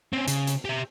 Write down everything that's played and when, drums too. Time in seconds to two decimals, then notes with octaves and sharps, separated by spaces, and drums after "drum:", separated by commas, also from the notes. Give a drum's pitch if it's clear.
0.13 C4 C#4
0.28 C#3, drum: hi-hat
0.47 drum: hi-hat
0.65 G4 E5